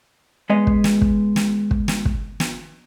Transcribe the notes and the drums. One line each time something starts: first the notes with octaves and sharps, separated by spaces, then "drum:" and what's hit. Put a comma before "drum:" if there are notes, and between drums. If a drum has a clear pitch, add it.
G#3 B3 D#5
drum: kick
drum: snare
drum: kick
drum: snare
drum: kick
drum: snare
drum: kick
drum: snare